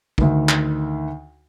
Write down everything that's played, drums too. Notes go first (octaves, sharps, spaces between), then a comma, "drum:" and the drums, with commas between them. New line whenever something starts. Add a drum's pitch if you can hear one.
D2 D#3, drum: kick
drum: clap